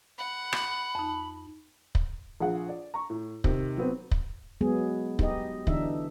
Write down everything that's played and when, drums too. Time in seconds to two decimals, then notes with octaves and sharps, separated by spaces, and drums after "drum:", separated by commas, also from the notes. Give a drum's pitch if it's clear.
0.18 F#5 B5
0.53 drum: rim click
0.95 F2 D#4
1.95 drum: kick
2.40 A#1 F3 G#4 F#5
2.69 D5
2.94 A#5 C#6
3.10 A2
3.44 C3 D#3, drum: kick
3.78 F#3 B3 C4
4.11 drum: kick
4.61 F#3 G#3 B3 G#4
5.19 D#4 G4 D#5, drum: kick
5.67 D3 E3 D4 D#4 E5, drum: kick